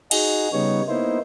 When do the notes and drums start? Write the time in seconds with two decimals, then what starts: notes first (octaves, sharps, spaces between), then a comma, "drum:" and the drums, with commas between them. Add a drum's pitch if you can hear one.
0.11 D#4 F#4 G#4, drum: cymbal
0.53 C#3 G3 B3 D#4 C#5
0.88 A#3 B3 D#4 E4 C5